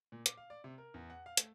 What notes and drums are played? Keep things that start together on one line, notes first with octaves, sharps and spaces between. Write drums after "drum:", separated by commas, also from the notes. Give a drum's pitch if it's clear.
A#2
D6, drum: hi-hat
F5
D5
C3
A#4
E2
F#5
F5
A3, drum: hi-hat